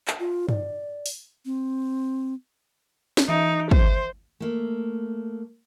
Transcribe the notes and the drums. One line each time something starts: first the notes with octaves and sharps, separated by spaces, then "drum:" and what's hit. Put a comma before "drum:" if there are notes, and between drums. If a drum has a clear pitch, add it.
drum: clap
F4
D5, drum: tom G2
drum: open hi-hat
C4
drum: snare
E3 D#4 E5 D7
C5, drum: kick
A3 A#3